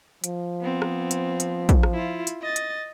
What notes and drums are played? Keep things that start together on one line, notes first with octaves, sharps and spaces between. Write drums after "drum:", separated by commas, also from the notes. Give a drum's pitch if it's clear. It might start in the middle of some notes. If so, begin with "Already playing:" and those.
F3, drum: hi-hat
B3 C4
drum: rim click
drum: hi-hat
drum: hi-hat
drum: kick, hi-hat
drum: rim click
E4 F4
drum: hi-hat
D#5 A6
drum: hi-hat